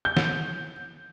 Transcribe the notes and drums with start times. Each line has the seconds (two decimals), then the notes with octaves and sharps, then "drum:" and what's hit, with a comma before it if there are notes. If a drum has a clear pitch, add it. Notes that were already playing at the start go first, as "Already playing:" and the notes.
0.05 G6
0.17 drum: snare